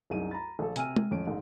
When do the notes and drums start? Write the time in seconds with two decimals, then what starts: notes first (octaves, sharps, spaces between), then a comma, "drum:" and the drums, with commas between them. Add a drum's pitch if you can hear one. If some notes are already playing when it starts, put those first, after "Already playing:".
0.10 C2 F#2 D#4 G#4 D#7
0.31 A#5 B5 A6
0.59 A#1 A4
0.76 C3 G#5 E6 F6 D#7, drum: hi-hat
0.96 drum: tom G#3
1.11 A1 F2 C#4 D7
1.26 A#1 G#2